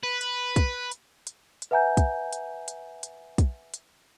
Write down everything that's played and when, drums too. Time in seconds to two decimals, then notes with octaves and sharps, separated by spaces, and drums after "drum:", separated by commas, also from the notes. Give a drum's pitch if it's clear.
0.03 B4
0.21 drum: hi-hat
0.56 drum: kick, hi-hat
0.91 drum: hi-hat
1.27 drum: hi-hat
1.62 drum: hi-hat
1.71 B4 E5 F#5 G#5 A#5 G6
1.97 drum: kick, hi-hat
2.33 drum: hi-hat
2.68 drum: hi-hat
3.03 drum: hi-hat
3.38 drum: kick, hi-hat
3.74 drum: hi-hat